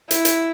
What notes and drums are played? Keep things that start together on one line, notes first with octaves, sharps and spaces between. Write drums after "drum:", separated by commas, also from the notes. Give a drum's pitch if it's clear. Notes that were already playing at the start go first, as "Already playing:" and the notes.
E4, drum: hi-hat
drum: hi-hat